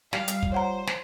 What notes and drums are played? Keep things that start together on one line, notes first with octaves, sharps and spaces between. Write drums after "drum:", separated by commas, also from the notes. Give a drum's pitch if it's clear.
G3 F4 F5, drum: snare
drum: hi-hat
drum: kick
C5 C#5 F#5 A#5
drum: snare